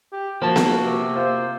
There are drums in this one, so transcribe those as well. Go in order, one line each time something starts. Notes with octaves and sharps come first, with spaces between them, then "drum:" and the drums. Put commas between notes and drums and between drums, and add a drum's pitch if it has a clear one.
G4
F3 A#3 F#4 A5
drum: snare B3
C3
F4 C5